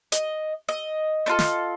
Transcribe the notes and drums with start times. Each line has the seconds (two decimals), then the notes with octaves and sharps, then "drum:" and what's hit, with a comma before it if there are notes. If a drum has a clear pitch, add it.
0.12 D#5, drum: hi-hat
0.69 D#5
1.26 A3 D4 F4 A4
1.39 drum: snare